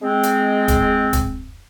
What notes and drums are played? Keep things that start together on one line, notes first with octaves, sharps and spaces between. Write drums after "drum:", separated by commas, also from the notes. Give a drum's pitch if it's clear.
G#3 C4
drum: hi-hat
drum: kick, hi-hat
drum: kick, hi-hat